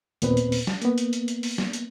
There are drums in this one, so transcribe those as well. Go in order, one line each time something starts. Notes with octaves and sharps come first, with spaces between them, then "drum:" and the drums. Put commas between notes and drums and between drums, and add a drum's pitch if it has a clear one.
D#2 A#2 B3 C4 B4, drum: hi-hat
drum: hi-hat
drum: open hi-hat
drum: snare
A#3 B3, drum: hi-hat
drum: hi-hat
drum: hi-hat
drum: hi-hat
drum: open hi-hat
drum: snare
drum: hi-hat